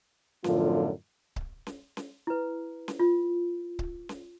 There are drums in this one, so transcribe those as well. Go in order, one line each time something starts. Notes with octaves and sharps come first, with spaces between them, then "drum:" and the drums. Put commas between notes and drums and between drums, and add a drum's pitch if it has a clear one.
F#2 A2 D3 F3 B3 F4, drum: snare C#4
drum: kick C#1
drum: snare C#4
drum: snare C#4
E4 B4
drum: snare C#4
F4
drum: kick C#1
drum: snare C#4